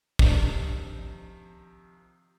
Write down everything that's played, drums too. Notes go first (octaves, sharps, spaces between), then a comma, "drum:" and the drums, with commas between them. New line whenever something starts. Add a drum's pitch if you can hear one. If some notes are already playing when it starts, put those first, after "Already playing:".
C3 D#3 F3 D4, drum: kick